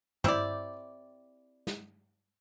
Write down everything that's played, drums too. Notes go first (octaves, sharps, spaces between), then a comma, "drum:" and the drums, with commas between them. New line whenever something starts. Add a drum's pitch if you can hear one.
C4 E4 G4 D5, drum: tom
drum: snare